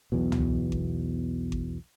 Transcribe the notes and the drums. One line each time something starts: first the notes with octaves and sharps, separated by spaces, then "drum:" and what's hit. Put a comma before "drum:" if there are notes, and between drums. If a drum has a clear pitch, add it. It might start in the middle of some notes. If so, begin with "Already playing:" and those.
B1 E2 B2
drum: tom
drum: kick G#1
drum: kick G#1